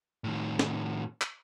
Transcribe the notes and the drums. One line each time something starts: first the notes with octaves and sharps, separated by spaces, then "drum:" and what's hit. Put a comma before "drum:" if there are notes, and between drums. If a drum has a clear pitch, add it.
A2 D#3
drum: snare
drum: clap